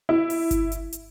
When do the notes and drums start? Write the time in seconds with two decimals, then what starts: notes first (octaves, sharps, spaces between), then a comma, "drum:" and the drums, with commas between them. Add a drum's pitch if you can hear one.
0.09 E4
0.30 drum: open hi-hat
0.51 drum: kick G1, hi-hat
0.72 drum: hi-hat
0.93 drum: hi-hat